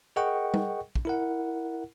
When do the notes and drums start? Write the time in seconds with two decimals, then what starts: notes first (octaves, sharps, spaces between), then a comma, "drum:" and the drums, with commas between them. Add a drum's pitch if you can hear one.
0.16 G#4 A#4 D#5 F#5 G5 C#6
0.54 drum: tom G3
0.95 drum: kick
1.05 E4 A#4 F#5